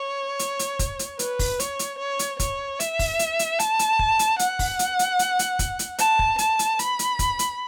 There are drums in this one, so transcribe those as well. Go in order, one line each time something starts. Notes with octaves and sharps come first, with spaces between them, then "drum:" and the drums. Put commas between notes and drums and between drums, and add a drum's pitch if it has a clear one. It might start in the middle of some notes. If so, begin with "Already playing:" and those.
Already playing: C#5
drum: hi-hat
drum: hi-hat
drum: kick, hi-hat
drum: hi-hat
B4, drum: hi-hat
drum: kick, open hi-hat
C#5, drum: hi-hat
drum: hi-hat
C#5
drum: hi-hat
C#5, drum: kick, hi-hat
E5, drum: hi-hat
drum: kick, open hi-hat
drum: hi-hat
drum: hi-hat
A5, drum: hi-hat
drum: hi-hat
drum: kick
drum: hi-hat
F#5, drum: hi-hat
drum: kick, open hi-hat
drum: hi-hat
drum: hi-hat
drum: hi-hat
drum: hi-hat
drum: kick, hi-hat
drum: hi-hat
A5, drum: hi-hat
drum: kick
A5, drum: hi-hat
drum: hi-hat
B5, drum: hi-hat
drum: hi-hat
drum: kick, hi-hat
drum: hi-hat